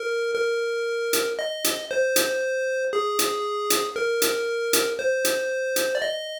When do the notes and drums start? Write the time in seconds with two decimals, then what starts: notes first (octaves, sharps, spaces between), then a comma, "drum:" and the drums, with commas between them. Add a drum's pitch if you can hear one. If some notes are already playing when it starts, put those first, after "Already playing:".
Already playing: A#4
0.35 A#4
1.13 drum: hi-hat
1.39 D#5
1.64 drum: hi-hat
1.91 C5
2.16 drum: hi-hat
2.93 G#4
3.19 drum: hi-hat
3.70 drum: hi-hat
3.96 A#4
4.22 drum: hi-hat
4.73 drum: hi-hat
4.99 C5
5.25 drum: hi-hat
5.76 drum: hi-hat
5.95 D5
6.02 D#5